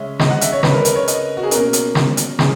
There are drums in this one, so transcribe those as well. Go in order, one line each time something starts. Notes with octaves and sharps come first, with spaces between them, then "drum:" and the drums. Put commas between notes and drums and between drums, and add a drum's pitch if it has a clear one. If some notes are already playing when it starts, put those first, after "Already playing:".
Already playing: C#3 G#3 C#4 E5
D#5, drum: snare
F#5
E5, drum: hi-hat
C#5
B4, drum: snare
A#4
A#4, drum: hi-hat
C#5
D#5, drum: hi-hat
F#4
G#4
B2 A#3 C#4 A#4, drum: hi-hat
drum: hi-hat
drum: snare
drum: hi-hat
G#4, drum: snare